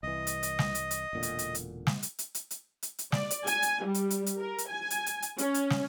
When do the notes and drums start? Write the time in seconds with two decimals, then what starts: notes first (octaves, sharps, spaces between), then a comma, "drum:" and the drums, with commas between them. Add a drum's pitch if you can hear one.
0.03 C2 E3 D#5
0.27 drum: hi-hat
0.43 drum: hi-hat
0.59 drum: snare
0.75 drum: hi-hat
0.91 drum: hi-hat
1.13 E1 A#2 D3
1.23 drum: hi-hat
1.39 drum: hi-hat
1.55 drum: hi-hat
1.87 drum: snare
2.03 drum: hi-hat
2.19 drum: hi-hat
2.35 drum: hi-hat
2.51 drum: hi-hat
2.83 drum: hi-hat
2.99 drum: hi-hat
3.12 D5, drum: snare
3.30 drum: hi-hat
3.47 G#5, drum: hi-hat
3.62 drum: hi-hat
3.85 G3
3.94 drum: hi-hat
4.10 drum: hi-hat
4.26 drum: hi-hat
4.39 A#4
4.58 drum: hi-hat
4.68 G#5
4.90 drum: hi-hat
5.06 drum: hi-hat
5.22 drum: hi-hat
5.38 C#4, drum: hi-hat
5.54 drum: hi-hat
5.70 drum: snare